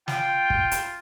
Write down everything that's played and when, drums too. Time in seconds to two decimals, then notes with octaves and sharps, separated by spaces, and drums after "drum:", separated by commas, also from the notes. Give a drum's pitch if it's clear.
0.08 F4 G5, drum: snare
0.50 drum: kick
0.71 drum: hi-hat